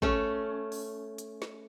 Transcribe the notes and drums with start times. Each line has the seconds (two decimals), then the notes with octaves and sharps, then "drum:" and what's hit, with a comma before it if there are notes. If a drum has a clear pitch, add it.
0.02 A3 C#4, drum: kick
0.72 drum: open hi-hat
1.18 drum: hi-hat
1.42 drum: snare